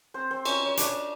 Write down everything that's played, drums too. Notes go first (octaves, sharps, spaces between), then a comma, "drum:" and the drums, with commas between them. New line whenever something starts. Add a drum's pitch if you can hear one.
C4 C5
C4 C5
C#4 C#5, drum: cymbal
C#5
D4 D5, drum: hi-hat